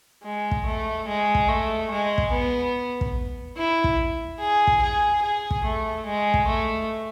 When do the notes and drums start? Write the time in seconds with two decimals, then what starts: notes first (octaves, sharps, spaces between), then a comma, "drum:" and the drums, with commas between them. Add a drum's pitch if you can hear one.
0.23 G#3
0.51 drum: kick
0.66 A3
1.07 G#3
1.35 drum: kick
1.48 A3
1.91 G#3
2.18 drum: kick
2.32 B3
3.01 drum: kick
3.57 E4
3.84 drum: kick
4.39 G#4
4.67 drum: kick
4.81 G#4
5.23 G#4
5.51 drum: kick
5.64 A3
6.06 G#3
6.34 drum: kick
6.48 A3